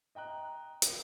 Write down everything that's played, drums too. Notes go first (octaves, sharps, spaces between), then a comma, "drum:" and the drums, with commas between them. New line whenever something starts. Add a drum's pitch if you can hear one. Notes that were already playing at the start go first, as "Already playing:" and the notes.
D#5 G5 A#5 F#6
drum: hi-hat